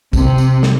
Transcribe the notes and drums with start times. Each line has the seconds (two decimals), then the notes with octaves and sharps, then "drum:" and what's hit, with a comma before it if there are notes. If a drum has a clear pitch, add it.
0.13 C3, drum: kick, tambourine
0.38 drum: tambourine
0.63 drum: snare